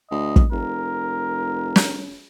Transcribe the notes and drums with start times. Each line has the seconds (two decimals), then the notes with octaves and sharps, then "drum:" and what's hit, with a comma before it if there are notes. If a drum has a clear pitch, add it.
0.11 D2 D#5
0.36 drum: kick
0.52 F1 A#4
1.76 drum: snare